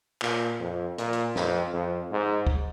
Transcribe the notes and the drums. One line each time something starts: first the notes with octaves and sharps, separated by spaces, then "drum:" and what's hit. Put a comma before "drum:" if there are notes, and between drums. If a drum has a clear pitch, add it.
A#2, drum: clap
F2
A#2, drum: hi-hat
drum: hi-hat
F2, drum: snare
F2
G#2
drum: kick